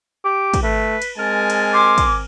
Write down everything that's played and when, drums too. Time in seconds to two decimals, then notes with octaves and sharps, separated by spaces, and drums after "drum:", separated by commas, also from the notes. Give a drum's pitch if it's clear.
0.25 G4 D6
0.54 drum: kick, cymbal
0.63 A3 B4
1.02 drum: cymbal
1.18 G#3 C4 A#4 G#5 A5
1.50 drum: cymbal
1.74 C6 D6
1.98 drum: kick, cymbal